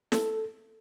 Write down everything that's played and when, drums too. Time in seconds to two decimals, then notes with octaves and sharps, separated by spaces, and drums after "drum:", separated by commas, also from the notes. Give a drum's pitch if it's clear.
0.12 A4, drum: snare